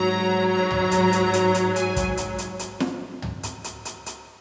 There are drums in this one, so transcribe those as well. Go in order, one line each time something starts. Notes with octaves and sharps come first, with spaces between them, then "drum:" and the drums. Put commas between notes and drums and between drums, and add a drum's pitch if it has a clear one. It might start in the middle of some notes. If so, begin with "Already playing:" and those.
Already playing: G#2 F#3 A#5
A#5
drum: tom
drum: hi-hat
drum: hi-hat
drum: hi-hat
drum: hi-hat
G#5, drum: hi-hat
drum: kick, hi-hat
drum: hi-hat
drum: hi-hat
drum: hi-hat
drum: snare
drum: tom
drum: hi-hat
drum: hi-hat
drum: hi-hat
drum: hi-hat